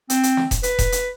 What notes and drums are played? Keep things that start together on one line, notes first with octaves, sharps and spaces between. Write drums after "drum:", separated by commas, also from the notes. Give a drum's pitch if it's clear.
C4, drum: hi-hat
drum: hi-hat
drum: snare
drum: kick E1, hi-hat
B4, drum: hi-hat
drum: kick E1, hi-hat
drum: hi-hat